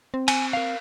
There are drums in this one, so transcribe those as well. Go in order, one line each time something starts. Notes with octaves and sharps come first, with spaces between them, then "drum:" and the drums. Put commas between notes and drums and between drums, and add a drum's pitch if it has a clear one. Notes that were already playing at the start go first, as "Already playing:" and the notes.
C4
G#5, drum: cymbal
A#4 F5